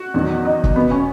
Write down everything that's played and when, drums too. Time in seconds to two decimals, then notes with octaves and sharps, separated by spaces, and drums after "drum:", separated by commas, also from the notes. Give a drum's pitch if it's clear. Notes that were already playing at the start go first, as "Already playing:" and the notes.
Already playing: F#4
0.14 E2 D#3 F#3
0.45 D#4
0.64 drum: kick
0.76 C#2 B2 F#3 B3
0.91 C#4